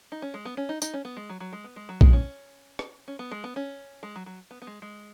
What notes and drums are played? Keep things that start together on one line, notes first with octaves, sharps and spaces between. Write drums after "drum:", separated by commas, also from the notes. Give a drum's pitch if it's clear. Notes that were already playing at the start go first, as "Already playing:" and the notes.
D#4
C#4
G#3
B3
C#4
D#4
D#4, drum: tambourine
C#4
B3
G#3
F#3
F#3
G#3
B3
G#3
F#3
G#3, drum: kick A#1
C#4
drum: rim click
C#4
B3
G#3
B3
C#4
G#3
F#3
F#3
B3
B3
G#3
G#3